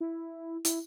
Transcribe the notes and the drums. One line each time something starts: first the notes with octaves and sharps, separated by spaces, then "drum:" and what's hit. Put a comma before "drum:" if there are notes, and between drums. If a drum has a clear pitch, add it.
E4
E4, drum: hi-hat